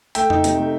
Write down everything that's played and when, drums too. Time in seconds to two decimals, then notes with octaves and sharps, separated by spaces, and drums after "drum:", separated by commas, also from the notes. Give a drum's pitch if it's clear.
0.15 A3 E5 G5, drum: hi-hat
0.30 D#4, drum: tom F2
0.44 C3, drum: hi-hat
0.58 A3